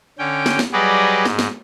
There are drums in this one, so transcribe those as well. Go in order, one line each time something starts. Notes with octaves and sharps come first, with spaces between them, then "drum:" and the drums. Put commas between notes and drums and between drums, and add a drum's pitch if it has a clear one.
D3 C#4 G5
drum: snare
drum: snare
F#3 G3 G#4 B4 D5 D#5
G#2, drum: snare
drum: snare